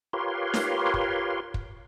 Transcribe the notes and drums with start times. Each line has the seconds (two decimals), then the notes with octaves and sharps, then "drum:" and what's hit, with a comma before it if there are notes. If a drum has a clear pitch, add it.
0.13 F4 G4 A#4 B4 C#5 C6
0.54 drum: snare D#4
0.94 drum: kick
1.54 drum: kick